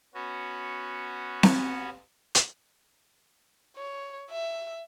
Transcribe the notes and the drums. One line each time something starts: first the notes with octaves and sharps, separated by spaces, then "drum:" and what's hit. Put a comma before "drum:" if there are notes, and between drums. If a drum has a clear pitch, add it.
B3 C#4 F#4
drum: snare C4
drum: hi-hat
C#5
E5